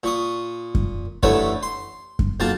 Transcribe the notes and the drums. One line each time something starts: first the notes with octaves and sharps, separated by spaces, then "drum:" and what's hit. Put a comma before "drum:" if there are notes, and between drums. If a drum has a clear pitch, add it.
A#2 C#6 D#6
drum: kick F#2
A1 D3 A3 B4 C#5, drum: kick F#2
C6
drum: kick F#2
B1 A#3 F4 A5